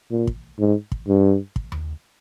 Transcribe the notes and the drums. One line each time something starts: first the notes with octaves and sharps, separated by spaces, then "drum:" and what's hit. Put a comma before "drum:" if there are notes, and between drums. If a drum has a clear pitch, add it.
A#2
drum: kick
G#2
drum: kick
G2
drum: kick
drum: tom D#2